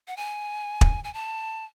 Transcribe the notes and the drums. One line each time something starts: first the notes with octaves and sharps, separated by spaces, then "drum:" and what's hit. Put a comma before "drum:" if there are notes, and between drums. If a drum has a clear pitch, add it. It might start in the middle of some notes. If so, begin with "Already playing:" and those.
F#5
G#5
drum: kick
G#5
A5